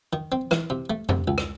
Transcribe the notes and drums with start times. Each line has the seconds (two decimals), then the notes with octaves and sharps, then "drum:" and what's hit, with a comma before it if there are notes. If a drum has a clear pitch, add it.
0.13 D#3
0.32 C4
0.51 E3, drum: rim click
0.70 C3
0.90 A3
1.09 C3, drum: tom F2
1.28 C#2
1.38 drum: rim click